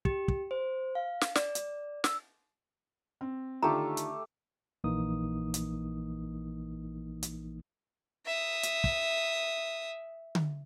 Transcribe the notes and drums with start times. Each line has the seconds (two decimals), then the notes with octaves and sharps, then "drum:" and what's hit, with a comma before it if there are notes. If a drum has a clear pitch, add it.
0.05 G4, drum: kick
0.28 drum: kick
0.51 C5
0.95 F5
1.21 drum: snare
1.35 D5, drum: snare
1.55 drum: hi-hat
2.04 E6, drum: snare
3.21 C4
3.63 D3 D#3 A3 F4 G4 A#5
3.97 drum: hi-hat
4.84 A#1 E3 A#3 D#4 D#6
5.54 drum: hi-hat
7.23 drum: hi-hat
8.26 E5 D#6
8.63 drum: hi-hat
8.84 drum: kick
10.35 drum: tom D3